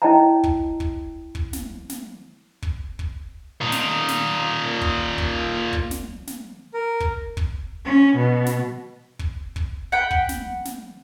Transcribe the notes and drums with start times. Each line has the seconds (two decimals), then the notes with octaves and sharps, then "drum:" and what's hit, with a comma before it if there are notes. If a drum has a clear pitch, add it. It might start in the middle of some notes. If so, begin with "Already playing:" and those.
0.02 E4 C#5 D#5 G5 A5 A#5
0.44 drum: kick
0.80 drum: kick
1.35 drum: kick
1.53 drum: snare
1.89 drum: snare
2.62 drum: kick
2.99 drum: kick
3.61 A#2 D#4
3.72 drum: snare
4.08 drum: snare
4.81 drum: kick
5.18 drum: kick
5.73 drum: kick
5.91 drum: snare
6.27 drum: snare
6.74 A#4
7.00 drum: kick
7.37 drum: kick
7.85 C#4
8.16 B2
8.46 drum: snare
9.19 drum: kick
9.56 drum: kick
9.92 F#5 G5 B5
10.11 drum: kick
10.29 drum: snare
10.65 drum: snare